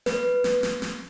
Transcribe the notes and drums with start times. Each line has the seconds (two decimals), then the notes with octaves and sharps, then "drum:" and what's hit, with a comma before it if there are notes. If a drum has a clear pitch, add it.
0.06 B4, drum: snare
0.44 drum: snare
0.63 drum: snare
0.82 drum: snare